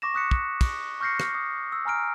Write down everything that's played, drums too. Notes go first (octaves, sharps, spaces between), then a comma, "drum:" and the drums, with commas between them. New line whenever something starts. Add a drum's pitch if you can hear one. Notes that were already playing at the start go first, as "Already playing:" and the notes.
C#6 D6 A#6 E7
C#6 D#6 F#6 B6 C#7
drum: kick
drum: kick, cymbal
C#6 F6 G6 A#6 C7 C#7
drum: rim click
D#6
E6
G#5 A#5 F6 D7